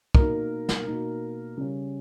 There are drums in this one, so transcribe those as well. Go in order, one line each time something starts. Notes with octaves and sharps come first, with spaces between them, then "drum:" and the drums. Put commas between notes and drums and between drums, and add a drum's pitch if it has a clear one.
B2 A#3 D#4 A#4, drum: kick
drum: snare
B2 A#3 D#4
C#3 G3 C#4